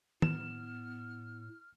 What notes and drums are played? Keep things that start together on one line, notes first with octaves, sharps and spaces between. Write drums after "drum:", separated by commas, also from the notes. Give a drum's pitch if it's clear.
A2 B3 F6 E7, drum: tom